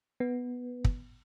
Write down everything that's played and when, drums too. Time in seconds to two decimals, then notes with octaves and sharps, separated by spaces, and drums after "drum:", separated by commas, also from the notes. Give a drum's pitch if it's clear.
0.20 B3
0.85 drum: kick